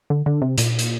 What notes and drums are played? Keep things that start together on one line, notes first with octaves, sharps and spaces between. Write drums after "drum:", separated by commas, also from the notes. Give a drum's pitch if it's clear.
D3
D3
C3
A#2, drum: hi-hat
drum: hi-hat